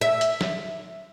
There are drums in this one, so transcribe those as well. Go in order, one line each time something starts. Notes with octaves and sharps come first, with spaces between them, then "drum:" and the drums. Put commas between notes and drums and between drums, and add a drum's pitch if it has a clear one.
E5
drum: hi-hat
drum: snare